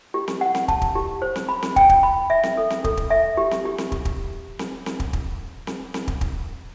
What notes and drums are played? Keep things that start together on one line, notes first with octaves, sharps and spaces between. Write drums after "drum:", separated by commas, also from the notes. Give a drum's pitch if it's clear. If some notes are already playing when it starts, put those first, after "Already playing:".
G4
drum: snare C4
F#5
drum: snare C4
A5, drum: kick
drum: kick
G4
C5
drum: snare C4
B5
drum: snare C4
G5, drum: kick
drum: kick
B5
E5
drum: snare C4
A4
drum: snare C4
A4, drum: kick
drum: kick
E5
G4
drum: snare C4
G4
drum: snare C4
drum: kick
drum: kick
drum: snare C4
drum: snare C4
drum: kick
drum: kick
drum: snare C4
drum: snare C4
drum: kick
drum: kick